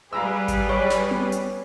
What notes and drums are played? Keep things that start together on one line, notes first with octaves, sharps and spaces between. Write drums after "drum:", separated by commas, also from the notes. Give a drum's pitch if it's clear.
G3 G4 G#4 B4 F5 A#5 E6
drum: kick G#1, hi-hat
C#5 D5 C#6
drum: snare
drum: tom B3
drum: hi-hat